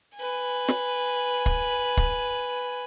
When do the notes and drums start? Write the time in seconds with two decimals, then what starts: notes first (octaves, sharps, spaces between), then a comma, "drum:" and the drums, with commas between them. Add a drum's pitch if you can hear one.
0.17 B4 G#5
0.68 drum: snare
1.46 drum: kick
1.97 drum: kick